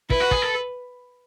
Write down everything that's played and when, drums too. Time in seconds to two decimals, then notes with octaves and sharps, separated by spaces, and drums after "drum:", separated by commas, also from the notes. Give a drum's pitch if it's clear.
0.10 E4 B4, drum: kick
0.20 F#4
0.31 G#4, drum: kick
0.42 A4